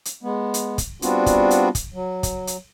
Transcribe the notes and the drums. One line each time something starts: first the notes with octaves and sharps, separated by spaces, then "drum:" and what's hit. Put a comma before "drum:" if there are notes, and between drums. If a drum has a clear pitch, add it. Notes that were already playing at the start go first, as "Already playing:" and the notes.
drum: hi-hat
G#3 B3
drum: hi-hat
drum: kick, hi-hat
G3 B3 C4 D4 F4 F#4, drum: hi-hat
drum: kick, hi-hat
drum: hi-hat
drum: kick, hi-hat
F#3
drum: kick, hi-hat
drum: hi-hat